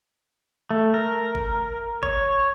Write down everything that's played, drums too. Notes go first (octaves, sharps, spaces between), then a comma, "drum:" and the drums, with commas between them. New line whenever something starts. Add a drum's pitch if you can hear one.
A3
A#4
drum: kick G#1
C#5, drum: kick G#1